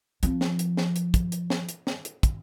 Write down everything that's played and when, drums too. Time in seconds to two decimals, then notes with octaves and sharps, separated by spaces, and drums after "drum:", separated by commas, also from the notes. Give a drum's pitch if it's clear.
0.23 F3 C4, drum: hi-hat
0.41 drum: snare
0.59 drum: hi-hat
0.77 drum: snare
0.96 drum: hi-hat
1.14 drum: kick, hi-hat
1.32 drum: hi-hat
1.50 drum: snare
1.69 drum: hi-hat
1.87 drum: snare
2.05 drum: hi-hat
2.23 drum: kick, hi-hat